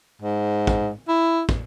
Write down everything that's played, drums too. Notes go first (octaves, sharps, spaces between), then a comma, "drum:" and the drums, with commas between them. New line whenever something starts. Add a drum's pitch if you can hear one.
G#2
drum: kick
E4
drum: kick